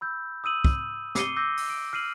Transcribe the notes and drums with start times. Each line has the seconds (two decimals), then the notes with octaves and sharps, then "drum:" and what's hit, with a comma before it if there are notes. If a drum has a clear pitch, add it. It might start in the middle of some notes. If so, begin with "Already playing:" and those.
0.01 B5 E6 G6
0.44 D#6 E6 D#7 F#7
0.65 drum: kick
1.15 D6 C7 C#7 D#7 G7, drum: snare
1.36 D6 E6 G6 A#6 C7
1.57 drum: open hi-hat
1.70 D7
1.93 F6 C7 D#7 F#7